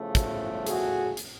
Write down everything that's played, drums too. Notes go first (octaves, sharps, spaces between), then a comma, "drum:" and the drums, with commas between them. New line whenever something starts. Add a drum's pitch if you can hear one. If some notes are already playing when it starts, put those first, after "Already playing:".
Already playing: E2 C#3 F3 A3
drum: kick, hi-hat
F#4 G#4, drum: hi-hat
drum: hi-hat